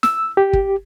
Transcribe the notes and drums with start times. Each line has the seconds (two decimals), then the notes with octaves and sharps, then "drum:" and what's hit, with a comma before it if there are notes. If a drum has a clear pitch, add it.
0.03 E6, drum: snare
0.37 G4
0.53 drum: kick